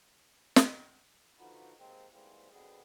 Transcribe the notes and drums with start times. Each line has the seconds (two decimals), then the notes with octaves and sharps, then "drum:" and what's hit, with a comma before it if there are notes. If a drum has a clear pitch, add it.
0.56 drum: snare
1.39 D3 F3 B3 D#4 F#4 B4
1.79 D#2 G#3 A#3 C4
2.13 G#2 E3 G3 G#3 A#3 C4
2.52 A#1 B2 D3 B3 C4 G#4